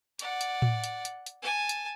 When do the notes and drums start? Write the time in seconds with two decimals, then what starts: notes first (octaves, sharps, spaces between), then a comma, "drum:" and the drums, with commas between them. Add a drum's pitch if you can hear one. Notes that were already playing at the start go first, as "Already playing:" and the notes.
0.19 D5 F#5, drum: hi-hat
0.41 drum: hi-hat
0.62 drum: tom A2
0.84 drum: hi-hat
1.05 drum: hi-hat
1.26 drum: hi-hat
1.42 G#5 A5
1.69 drum: hi-hat